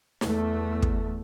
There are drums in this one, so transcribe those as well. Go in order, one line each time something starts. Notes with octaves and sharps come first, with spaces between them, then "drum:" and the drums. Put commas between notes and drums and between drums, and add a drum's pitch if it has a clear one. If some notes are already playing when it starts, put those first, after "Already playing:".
E2 A3, drum: snare
drum: kick